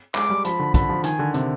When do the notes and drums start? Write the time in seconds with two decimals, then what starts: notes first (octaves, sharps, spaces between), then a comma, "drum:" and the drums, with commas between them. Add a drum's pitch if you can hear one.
0.15 G#3 D6, drum: clap
0.29 G3
0.45 F3 B5, drum: hi-hat
0.59 D3
0.74 D3 B5, drum: kick, hi-hat
0.89 F3
1.04 D#3 G#5, drum: hi-hat
1.19 D3
1.34 C3, drum: hi-hat